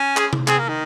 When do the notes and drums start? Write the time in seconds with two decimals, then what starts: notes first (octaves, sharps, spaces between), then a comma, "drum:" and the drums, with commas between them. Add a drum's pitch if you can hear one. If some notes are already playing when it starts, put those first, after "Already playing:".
Already playing: C#4
0.17 G#4, drum: clap
0.33 drum: tom C3
0.48 C4 G#4, drum: clap
0.59 A#3
0.69 D#3